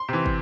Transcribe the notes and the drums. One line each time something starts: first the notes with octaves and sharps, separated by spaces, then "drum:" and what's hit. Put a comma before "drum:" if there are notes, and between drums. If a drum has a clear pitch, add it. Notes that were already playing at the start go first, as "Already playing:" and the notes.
Already playing: C6
C3 E3
drum: kick